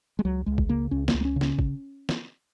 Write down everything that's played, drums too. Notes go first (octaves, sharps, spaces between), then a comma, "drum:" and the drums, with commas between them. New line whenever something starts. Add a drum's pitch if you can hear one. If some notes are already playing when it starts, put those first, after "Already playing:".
G#3
C#2 F#3
C#2 G#3
drum: kick
C#3 A#3
C#2 C#4
A#3, drum: snare
C#2
A#3
C#4
C#3
C#4, drum: snare
drum: kick
drum: snare